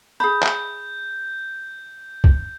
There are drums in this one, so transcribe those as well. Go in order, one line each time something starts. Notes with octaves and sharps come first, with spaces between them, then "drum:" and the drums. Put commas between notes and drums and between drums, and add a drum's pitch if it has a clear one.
G#4 B5 G6
drum: clap
drum: kick